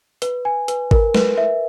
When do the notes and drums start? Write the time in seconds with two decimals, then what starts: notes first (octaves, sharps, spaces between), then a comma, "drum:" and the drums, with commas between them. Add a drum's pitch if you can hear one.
0.22 B4, drum: hi-hat
0.45 G#5
0.68 B4, drum: hi-hat
0.91 A#4, drum: kick G#1
1.14 B4, drum: snare
1.38 E5